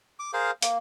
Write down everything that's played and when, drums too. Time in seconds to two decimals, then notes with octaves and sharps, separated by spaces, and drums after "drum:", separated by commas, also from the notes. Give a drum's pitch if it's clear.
0.19 D6
0.33 G#4 A#4 C5 F5
0.62 A#3, drum: hi-hat